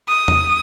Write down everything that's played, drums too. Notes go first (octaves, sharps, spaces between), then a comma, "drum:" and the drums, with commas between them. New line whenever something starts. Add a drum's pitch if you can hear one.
D#6
drum: tom